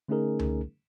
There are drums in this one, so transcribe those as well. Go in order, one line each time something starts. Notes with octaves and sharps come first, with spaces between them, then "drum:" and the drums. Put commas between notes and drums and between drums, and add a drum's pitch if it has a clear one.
D3 A3 C#4 D#4 G#4 A#4
drum: tom C#2